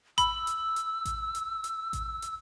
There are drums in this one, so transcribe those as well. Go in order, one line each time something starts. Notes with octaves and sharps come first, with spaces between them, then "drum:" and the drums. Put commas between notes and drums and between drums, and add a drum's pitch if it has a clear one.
B5 E6, drum: kick A1, hi-hat
drum: hi-hat
drum: hi-hat
drum: kick A1, hi-hat
drum: hi-hat
drum: hi-hat
drum: kick A1, hi-hat
drum: hi-hat